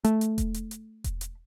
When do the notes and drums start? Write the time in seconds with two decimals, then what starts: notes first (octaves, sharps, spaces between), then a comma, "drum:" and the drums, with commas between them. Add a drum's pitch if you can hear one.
0.04 A3, drum: hi-hat
0.21 drum: hi-hat
0.38 drum: kick E1, hi-hat
0.54 drum: hi-hat
0.71 drum: hi-hat
1.04 drum: kick E1, hi-hat
1.21 drum: hi-hat